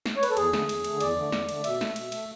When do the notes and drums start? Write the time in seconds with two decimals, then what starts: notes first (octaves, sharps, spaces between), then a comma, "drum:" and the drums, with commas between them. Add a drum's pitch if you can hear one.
0.06 drum: snare
0.16 C#5
0.23 B4, drum: cymbal
0.30 A4
0.37 E2 G#4, drum: cymbal
0.53 D3 A3, drum: snare
0.69 E2, drum: cymbal
0.84 A3, drum: cymbal
0.89 D3
1.01 E2 D5, drum: cymbal
1.17 D3 A3
1.32 E2, drum: snare
1.49 D3 A3, drum: cymbal
1.64 B2 E5, drum: cymbal
1.81 A3, drum: snare
1.96 B2, drum: cymbal
2.12 A3, drum: cymbal